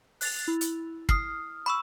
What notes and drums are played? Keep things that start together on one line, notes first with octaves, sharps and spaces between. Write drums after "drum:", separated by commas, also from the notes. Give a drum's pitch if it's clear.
F#6 A6 F7, drum: open hi-hat
E4
drum: hi-hat
D#6 F6 C7, drum: kick
B5 C#6 E6